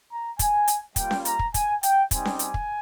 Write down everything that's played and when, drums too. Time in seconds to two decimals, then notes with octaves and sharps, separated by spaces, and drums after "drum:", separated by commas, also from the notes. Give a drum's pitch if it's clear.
0.10 A#5
0.39 G#5, drum: kick, hi-hat
0.68 drum: hi-hat
0.96 G3 A#3 F4 G5, drum: kick, hi-hat
1.11 drum: snare C#4
1.25 A#5, drum: hi-hat
1.39 drum: kick
1.54 G#5, drum: kick, hi-hat
1.83 G5, drum: hi-hat
2.11 G3 C4 D#4 G4 G#5, drum: kick, hi-hat
2.25 drum: snare C#4
2.39 G#5, drum: hi-hat
2.54 drum: kick